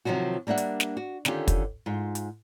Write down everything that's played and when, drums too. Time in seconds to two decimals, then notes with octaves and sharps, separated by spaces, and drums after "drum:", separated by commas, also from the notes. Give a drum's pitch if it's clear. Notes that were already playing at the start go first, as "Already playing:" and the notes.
0.05 C3 D#3 F3 F#3 F#4
0.47 G3 A#3 D4 E5 F#5
0.57 drum: hi-hat
0.80 drum: snare
0.97 F#4
1.25 D3 D#3 C#4 F4 G4, drum: snare
1.48 drum: kick, hi-hat
1.86 G#2 F4
2.15 drum: hi-hat